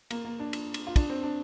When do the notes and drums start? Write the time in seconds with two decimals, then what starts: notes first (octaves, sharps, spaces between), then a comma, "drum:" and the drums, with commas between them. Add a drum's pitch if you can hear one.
0.11 A#3, drum: cymbal
0.25 A#3
0.40 D4
0.53 drum: cymbal
0.74 drum: cymbal
0.87 F4
0.96 D4, drum: kick, cymbal
1.10 C4
1.23 D4